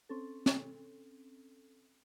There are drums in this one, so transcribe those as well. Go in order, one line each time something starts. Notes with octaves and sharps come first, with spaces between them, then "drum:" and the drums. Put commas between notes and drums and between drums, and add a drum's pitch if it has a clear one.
C4 C#4 A4
drum: snare